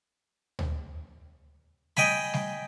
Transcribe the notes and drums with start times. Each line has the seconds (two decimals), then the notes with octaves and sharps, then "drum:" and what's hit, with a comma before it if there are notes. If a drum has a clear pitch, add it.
0.59 drum: tom D2
1.97 D#5 G5 G#5 B5, drum: snare G3
2.34 drum: snare G3